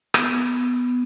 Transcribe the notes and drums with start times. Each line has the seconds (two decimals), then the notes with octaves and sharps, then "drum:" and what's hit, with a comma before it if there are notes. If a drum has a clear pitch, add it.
0.14 B3, drum: rim click